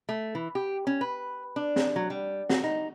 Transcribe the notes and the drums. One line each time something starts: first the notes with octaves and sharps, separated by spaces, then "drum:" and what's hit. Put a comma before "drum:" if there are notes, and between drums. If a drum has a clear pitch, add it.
A3
E3
G4
C#4
B4
D4
drum: snare
F#3
G3
F#4, drum: snare
D#4